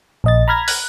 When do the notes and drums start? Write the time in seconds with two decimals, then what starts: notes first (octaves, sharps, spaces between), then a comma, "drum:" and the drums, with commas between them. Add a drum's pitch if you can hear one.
0.24 A#1 D#5 A6
0.48 A#5 B5 F6 G#6 A#6
0.68 F#6, drum: open hi-hat